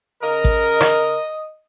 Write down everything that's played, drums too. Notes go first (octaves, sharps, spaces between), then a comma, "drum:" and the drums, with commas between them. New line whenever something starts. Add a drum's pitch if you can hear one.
C#3 A#4 D#5
drum: kick A1
drum: rim click